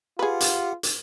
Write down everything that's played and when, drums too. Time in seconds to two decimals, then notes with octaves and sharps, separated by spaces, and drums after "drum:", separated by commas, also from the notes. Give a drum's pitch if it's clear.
0.19 F4 G4 G#4 B4 F#5
0.40 drum: hi-hat
0.83 drum: hi-hat